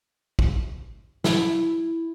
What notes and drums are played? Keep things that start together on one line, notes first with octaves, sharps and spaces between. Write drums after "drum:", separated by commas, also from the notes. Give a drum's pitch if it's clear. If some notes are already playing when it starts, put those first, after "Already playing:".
drum: kick
E4, drum: snare